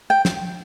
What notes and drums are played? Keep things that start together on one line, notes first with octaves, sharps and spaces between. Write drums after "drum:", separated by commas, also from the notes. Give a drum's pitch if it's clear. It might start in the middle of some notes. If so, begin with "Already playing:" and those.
G5
drum: snare